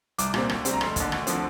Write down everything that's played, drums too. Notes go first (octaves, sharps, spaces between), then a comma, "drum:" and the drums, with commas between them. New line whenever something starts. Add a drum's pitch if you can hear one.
C2 D6, drum: hi-hat
A#2 G3 C4, drum: rim click
D2, drum: rim click
C3 G3 C4, drum: hi-hat
A#5
F1 C6, drum: rim click
D#2 D3, drum: kick, hi-hat
D2, drum: rim click
D3 F3 C4, drum: hi-hat